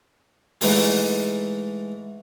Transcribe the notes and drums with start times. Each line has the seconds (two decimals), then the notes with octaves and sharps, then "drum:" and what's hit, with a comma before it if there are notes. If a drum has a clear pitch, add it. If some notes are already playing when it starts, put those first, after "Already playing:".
0.61 G#2 E3 A3 D#4 G#4, drum: open hi-hat